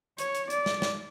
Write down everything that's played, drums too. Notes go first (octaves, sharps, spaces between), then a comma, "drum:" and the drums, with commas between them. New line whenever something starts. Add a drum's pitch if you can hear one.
C#5, drum: hi-hat
drum: hi-hat
D5, drum: hi-hat
drum: snare
drum: snare